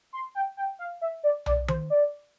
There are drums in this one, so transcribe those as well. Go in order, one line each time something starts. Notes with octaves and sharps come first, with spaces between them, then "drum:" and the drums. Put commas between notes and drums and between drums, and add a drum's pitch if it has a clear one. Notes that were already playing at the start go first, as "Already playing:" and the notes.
C6
G5
G5
F5
E5
D5
D5, drum: tom
C5, drum: tom D#3
D5